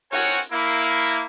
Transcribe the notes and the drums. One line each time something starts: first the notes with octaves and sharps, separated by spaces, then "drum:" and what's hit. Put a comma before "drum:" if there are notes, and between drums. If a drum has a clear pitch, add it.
C4 F#4 A#4 C#5 F#5 G#5, drum: open hi-hat
A#3 E4